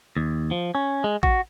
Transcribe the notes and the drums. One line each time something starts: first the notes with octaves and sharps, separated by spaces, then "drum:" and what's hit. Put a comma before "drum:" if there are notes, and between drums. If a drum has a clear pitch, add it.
D#2
F3
C#4
G#3
F#4, drum: kick A1